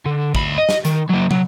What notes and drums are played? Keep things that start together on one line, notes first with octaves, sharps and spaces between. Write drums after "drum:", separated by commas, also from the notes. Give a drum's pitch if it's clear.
D3
D2 B5, drum: kick
D#5
drum: snare
D#3, drum: hi-hat
F#3 A#3
F#3, drum: tom